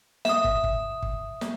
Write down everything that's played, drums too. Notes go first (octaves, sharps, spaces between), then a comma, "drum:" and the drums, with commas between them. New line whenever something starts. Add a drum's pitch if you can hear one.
E5 D#6, drum: snare
drum: kick
drum: kick
drum: kick
drum: snare